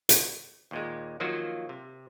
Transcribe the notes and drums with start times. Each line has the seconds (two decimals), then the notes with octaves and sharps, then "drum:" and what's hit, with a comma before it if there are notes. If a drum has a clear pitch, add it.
0.09 drum: hi-hat
0.71 D#2 A#2 G#3
1.20 D#3 F3 F#3 A#3 F4 F#4
1.69 C3